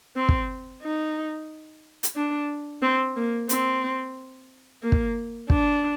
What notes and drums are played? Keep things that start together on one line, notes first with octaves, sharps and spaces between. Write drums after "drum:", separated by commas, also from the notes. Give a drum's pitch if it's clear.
C4
drum: kick
D#4
drum: hi-hat
D4
C4
A#3
C4, drum: hi-hat
A#3
drum: kick
D4, drum: kick